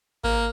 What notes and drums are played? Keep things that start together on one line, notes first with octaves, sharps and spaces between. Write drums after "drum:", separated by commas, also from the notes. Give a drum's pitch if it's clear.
A#3, drum: kick G#1